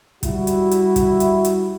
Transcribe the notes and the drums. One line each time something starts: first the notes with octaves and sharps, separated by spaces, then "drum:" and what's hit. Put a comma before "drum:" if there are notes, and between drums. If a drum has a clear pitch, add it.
G3 E4 F#4, drum: kick, hi-hat
drum: hi-hat
drum: hi-hat
drum: kick, hi-hat
drum: hi-hat
drum: hi-hat